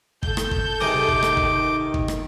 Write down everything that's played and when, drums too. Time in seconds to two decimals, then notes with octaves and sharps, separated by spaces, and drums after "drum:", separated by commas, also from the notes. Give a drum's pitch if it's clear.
0.23 A4 G6, drum: kick
0.37 drum: rim click
0.51 drum: kick
0.80 C3 D#3 G#4 A#4 D6
1.08 drum: kick
1.23 drum: rim click
1.37 drum: kick
1.94 drum: kick
2.08 drum: rim click